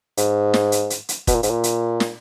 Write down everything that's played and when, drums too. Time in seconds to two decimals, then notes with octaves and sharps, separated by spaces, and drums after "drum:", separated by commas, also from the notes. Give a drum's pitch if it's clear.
0.17 G#2, drum: hi-hat
0.54 drum: snare
0.72 drum: hi-hat
0.90 drum: hi-hat
1.09 drum: hi-hat
1.27 B2, drum: kick, hi-hat
1.35 A#2
1.43 G#2, drum: hi-hat
1.50 A#2
1.64 drum: hi-hat
2.00 drum: snare